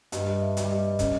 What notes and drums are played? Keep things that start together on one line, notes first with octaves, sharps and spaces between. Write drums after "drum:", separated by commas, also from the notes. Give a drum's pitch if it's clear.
G2 D#5, drum: hi-hat
E5
G3, drum: hi-hat
D#5
C#4 D#5, drum: kick, hi-hat